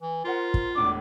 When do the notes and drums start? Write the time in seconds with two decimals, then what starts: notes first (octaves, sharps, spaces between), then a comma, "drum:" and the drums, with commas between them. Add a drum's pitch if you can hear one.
0.02 E3
0.25 F4 A#4 C5 F#5
0.54 drum: kick
0.75 E1 A2 D4 D6